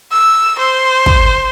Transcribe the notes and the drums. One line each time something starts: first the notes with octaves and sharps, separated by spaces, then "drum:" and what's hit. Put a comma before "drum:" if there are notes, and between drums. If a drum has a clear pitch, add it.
E6
C5
drum: kick